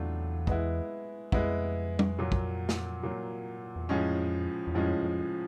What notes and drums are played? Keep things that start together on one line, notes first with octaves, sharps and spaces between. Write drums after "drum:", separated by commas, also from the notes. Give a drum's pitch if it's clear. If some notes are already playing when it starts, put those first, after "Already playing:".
Already playing: E2 A2 F#3 A3 D4 F4
G#3 B3 E4, drum: kick
F2 G#3 B3 E4, drum: kick
drum: tom
A#2 F#3 A#3
drum: kick
drum: snare
A#2 F#3 A#3
E2
F2 A2 F3 G#3 C#4
E2
F2 A2 F3 G#3 C#4
F2